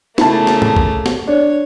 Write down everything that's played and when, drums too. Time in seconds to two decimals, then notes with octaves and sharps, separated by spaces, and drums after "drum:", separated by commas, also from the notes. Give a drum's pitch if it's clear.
0.18 C#3 A3 A#3 E4 A5, drum: snare
0.47 drum: snare
0.62 drum: tom
0.76 drum: kick
1.06 drum: snare
1.27 D4 C#5